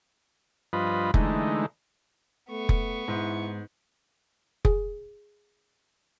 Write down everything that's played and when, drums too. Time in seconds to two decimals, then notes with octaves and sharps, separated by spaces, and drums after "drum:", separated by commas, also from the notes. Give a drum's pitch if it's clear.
0.73 G2 F3 F4 B4 D#5 B5
1.14 D3 E3 G#3 A3 D#4, drum: kick F1
2.50 A3 B3 C#6
2.69 drum: kick F1
3.08 G#2 E4
4.65 G#4, drum: kick F1